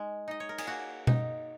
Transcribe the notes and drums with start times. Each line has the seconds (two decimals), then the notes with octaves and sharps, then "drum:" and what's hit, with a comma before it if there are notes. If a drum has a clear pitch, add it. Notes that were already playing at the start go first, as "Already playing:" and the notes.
Already playing: G#3 D#4
0.28 D#4 D#5
0.40 C#5
0.49 A#4
0.58 G#4, drum: cymbal
0.67 A#3 F#4
1.07 D#4, drum: tom B2